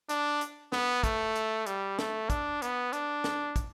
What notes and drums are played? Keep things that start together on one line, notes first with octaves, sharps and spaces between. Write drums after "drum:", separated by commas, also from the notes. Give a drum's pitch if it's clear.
D4, drum: hi-hat
drum: hi-hat
B3, drum: snare
A3, drum: kick, hi-hat
drum: hi-hat
G3, drum: hi-hat
A3, drum: snare
D4, drum: kick, hi-hat
B3, drum: hi-hat
D4, drum: hi-hat
drum: snare
drum: kick, hi-hat